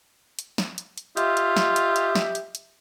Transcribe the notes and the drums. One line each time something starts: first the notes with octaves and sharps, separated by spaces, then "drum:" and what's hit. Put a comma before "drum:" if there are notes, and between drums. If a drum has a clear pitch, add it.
drum: hi-hat
drum: snare
drum: hi-hat
drum: hi-hat
F4 G4 D#5 E5, drum: hi-hat
drum: hi-hat
drum: snare
drum: hi-hat
drum: hi-hat
drum: snare
drum: hi-hat
drum: hi-hat